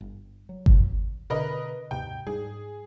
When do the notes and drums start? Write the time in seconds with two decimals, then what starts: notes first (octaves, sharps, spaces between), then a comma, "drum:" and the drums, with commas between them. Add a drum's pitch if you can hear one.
0.01 G1
0.49 F#3
0.66 drum: kick G1
1.30 B2 D3 A#4 B4 D#5
1.91 D#2 G#2 C3 G5
2.27 G#2 G3 G#4